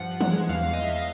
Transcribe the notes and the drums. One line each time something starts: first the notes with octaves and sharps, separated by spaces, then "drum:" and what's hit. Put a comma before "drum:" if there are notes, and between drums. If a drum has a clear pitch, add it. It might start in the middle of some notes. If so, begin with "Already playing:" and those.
Already playing: G2 F3 F#5
F3
F#5, drum: tom E3
G#3
E2 F5
E2
D#5
E2 E5
F5